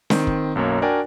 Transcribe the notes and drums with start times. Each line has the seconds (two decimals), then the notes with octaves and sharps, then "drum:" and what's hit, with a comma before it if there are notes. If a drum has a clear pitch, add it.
0.10 D#3 C4, drum: snare
0.27 drum: kick
0.55 B1 F#2 A#3 C#5
0.82 D4 F#4 A#4 D5 G5 G#5